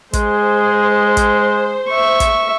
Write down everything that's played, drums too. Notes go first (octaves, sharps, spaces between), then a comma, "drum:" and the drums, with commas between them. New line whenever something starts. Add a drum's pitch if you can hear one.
G#3 G#4 C5, drum: kick, hi-hat
drum: kick, hi-hat
E5 C#6
drum: kick, hi-hat